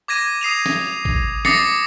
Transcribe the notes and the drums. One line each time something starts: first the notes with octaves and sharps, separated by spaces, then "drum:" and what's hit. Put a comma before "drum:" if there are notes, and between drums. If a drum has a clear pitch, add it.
D6 G#6 A#6 D#7
D#6 C7 D#7 F7
drum: snare
drum: kick G#1
D6 D#6 A6 A#6 C7 C#7, drum: snare